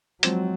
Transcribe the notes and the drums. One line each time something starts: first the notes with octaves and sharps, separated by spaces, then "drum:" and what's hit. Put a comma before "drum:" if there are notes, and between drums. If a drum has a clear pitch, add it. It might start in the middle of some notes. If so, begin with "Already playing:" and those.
F3 F#3 G#3 C4 F4 C5, drum: hi-hat